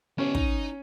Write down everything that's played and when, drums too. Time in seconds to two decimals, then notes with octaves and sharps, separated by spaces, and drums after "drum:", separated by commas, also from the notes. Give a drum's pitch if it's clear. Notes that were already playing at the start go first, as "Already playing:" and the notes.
0.18 B3 C#4 G4
0.35 D#4, drum: kick